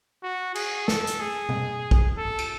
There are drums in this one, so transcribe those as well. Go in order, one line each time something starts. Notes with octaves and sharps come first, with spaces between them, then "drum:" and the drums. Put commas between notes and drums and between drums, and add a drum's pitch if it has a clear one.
F#4
G#4, drum: cymbal
A4, drum: snare
drum: hi-hat
G#4
drum: tom B2
drum: kick
A4
drum: cymbal